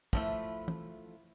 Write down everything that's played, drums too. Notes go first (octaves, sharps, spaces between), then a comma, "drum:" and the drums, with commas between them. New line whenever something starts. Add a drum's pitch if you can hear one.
F3 G#3 A3 B3 E4, drum: kick
drum: tom